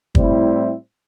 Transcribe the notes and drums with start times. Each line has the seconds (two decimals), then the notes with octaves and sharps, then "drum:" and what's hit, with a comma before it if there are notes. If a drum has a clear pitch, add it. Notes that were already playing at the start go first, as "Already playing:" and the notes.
0.15 A2 G3 C4 E4, drum: kick